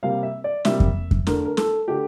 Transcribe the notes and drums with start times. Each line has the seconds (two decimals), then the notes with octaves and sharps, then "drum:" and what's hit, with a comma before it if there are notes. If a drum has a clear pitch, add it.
0.03 C3 G3 A#3 F5
0.23 E5
0.44 D5
0.65 C3 G3 A#3 E5, drum: snare
0.80 drum: kick F2
1.11 drum: kick F2
1.27 D3 A3 D4 A#4, drum: snare
1.45 A#4
1.57 A4, drum: snare
1.88 D3 A3 D4 G4